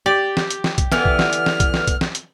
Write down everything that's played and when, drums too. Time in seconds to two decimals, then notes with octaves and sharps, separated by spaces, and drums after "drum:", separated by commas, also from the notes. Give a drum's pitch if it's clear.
0.06 G4 D5
0.37 drum: snare
0.51 drum: hi-hat
0.64 drum: snare
0.78 drum: kick B1, hi-hat
0.92 D3 E3 B3 F6, drum: snare
1.05 drum: kick B1
1.19 drum: snare
1.33 drum: hi-hat
1.46 drum: snare
1.60 drum: kick B1, hi-hat
1.74 drum: snare
1.87 drum: kick B1, hi-hat
2.01 drum: snare
2.15 drum: hi-hat